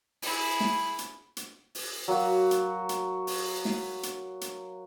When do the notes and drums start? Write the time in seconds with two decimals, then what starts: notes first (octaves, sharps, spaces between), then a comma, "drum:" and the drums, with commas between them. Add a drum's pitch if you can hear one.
0.22 E4 G#4, drum: open hi-hat
0.60 drum: snare
0.98 drum: hi-hat
1.37 drum: hi-hat
1.75 drum: open hi-hat
2.08 F#3 A#3 F#4
2.51 drum: hi-hat
2.89 drum: hi-hat
3.27 drum: open hi-hat
3.65 drum: snare
4.03 drum: hi-hat
4.41 drum: hi-hat